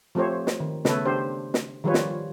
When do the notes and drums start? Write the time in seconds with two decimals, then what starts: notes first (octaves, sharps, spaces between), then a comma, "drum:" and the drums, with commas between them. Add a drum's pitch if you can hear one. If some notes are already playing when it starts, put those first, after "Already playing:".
0.15 F3 A3 C4 G4 C5 C#5
0.47 drum: snare
0.60 D#3
0.85 C#3 A3 B3 A4 B4 C#5, drum: snare
1.06 D4 G4 C5
1.54 drum: snare
1.84 D#3 F3 G3 F4 B4 C#5
1.94 drum: snare